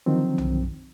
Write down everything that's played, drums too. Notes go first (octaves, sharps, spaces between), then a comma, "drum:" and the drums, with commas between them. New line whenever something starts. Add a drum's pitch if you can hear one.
D3 D#3 F3 F#3 C4
drum: tom B1